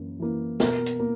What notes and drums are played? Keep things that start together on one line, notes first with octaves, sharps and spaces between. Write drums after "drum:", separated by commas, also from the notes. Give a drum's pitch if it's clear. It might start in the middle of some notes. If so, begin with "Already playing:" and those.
Already playing: F#2 E3 A#3
E3 A#3
B2 A#4, drum: snare
drum: hi-hat
A#3